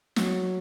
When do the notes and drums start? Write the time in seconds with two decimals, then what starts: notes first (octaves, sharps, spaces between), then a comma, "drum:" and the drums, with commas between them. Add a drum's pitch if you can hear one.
0.16 F#3, drum: snare